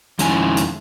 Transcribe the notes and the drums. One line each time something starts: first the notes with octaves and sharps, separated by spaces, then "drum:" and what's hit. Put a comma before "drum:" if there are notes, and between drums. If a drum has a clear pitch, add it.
F2 D#3 G#3 C#4 E4 G#5, drum: hi-hat
drum: hi-hat